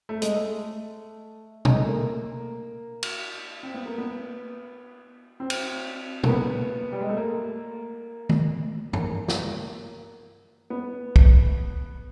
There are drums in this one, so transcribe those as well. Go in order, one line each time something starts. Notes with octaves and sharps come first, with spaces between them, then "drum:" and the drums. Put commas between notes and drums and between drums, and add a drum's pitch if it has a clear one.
A3
G#3, drum: hi-hat
A3
G#3, drum: tom
A3
A#3
drum: cymbal
C4
B3
A#3
B3
C4
drum: cymbal
A#3, drum: tom
B3
G3
G#3
A3
A#3
drum: tom
A#3, drum: tom
drum: snare
B3
drum: kick